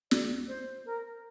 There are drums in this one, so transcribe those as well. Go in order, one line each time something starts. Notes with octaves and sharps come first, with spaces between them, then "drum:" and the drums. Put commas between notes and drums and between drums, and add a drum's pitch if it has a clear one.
D5, drum: snare
C5
A#4